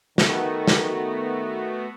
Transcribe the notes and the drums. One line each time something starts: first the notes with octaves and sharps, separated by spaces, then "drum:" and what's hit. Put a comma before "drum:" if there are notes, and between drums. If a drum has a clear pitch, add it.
D#3 A3 B3 F#4, drum: snare
drum: snare